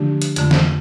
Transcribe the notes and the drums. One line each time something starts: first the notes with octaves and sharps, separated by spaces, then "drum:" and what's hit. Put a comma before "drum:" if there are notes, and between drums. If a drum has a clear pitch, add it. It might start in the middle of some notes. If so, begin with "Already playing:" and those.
Already playing: D3 F3 A3 D4 G4
drum: hi-hat
F2 D3 A3, drum: hi-hat
drum: snare